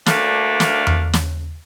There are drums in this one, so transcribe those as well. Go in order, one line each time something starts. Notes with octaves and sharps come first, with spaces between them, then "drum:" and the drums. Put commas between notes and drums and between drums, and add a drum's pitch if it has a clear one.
D2 A3 A#3 D4 F5, drum: snare
drum: snare
drum: tom E2
drum: snare